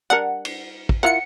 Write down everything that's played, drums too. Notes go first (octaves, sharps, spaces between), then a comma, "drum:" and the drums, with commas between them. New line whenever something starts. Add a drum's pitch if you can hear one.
G3 D4 A#4 F#5
drum: cymbal
drum: kick
E4 F4 A#4 F#5 C#7